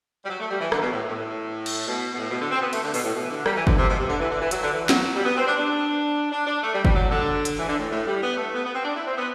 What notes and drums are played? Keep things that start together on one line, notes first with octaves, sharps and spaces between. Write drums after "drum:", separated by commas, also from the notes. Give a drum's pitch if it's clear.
G3
F#3
A3
G3
E3
D3, drum: rim click
B2
A2
A2
drum: cymbal
B2
B2
A2
B2
D3
C4
B3
A3, drum: cymbal
D3
B2, drum: open hi-hat
A2
B2
E3
D3
G3, drum: rim click
E3
D3, drum: kick F#1
C3
B2
C3
D3
E3
D3
E3
F#3, drum: hi-hat
D3
E3
F#3, drum: snare
F#3
G3
B3
C4
D4
D4
D4
D4
A3
G3
G3, drum: kick F#1
F#3
D3
drum: hi-hat
E3
D3
A2
A2
G3
B3
A3
B3
B3
C4
D4
E4
C4
B3